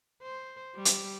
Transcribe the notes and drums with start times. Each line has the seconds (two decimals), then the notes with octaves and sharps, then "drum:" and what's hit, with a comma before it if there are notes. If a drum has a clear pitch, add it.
0.22 C5
0.76 G3
0.85 drum: hi-hat